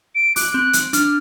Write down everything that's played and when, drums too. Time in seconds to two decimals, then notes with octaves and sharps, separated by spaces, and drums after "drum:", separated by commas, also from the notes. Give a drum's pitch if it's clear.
0.15 D7
0.36 D6 F#6, drum: open hi-hat
0.52 C4 F#6 D7
0.73 drum: hi-hat
0.93 D4 F6, drum: hi-hat